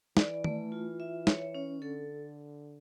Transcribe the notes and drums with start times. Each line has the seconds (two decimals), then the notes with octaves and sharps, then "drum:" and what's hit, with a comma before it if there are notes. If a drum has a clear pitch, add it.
0.17 E3 D5, drum: snare
0.44 A3, drum: tom D#3
0.72 F4
1.00 E5
1.27 C#5, drum: snare
1.55 C#4
1.82 D3 A4